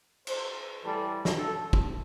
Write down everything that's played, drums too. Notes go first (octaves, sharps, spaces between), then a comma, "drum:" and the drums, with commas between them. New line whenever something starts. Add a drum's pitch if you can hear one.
C5, drum: cymbal
A2 E3 G3 A4
drum: snare
A4
drum: kick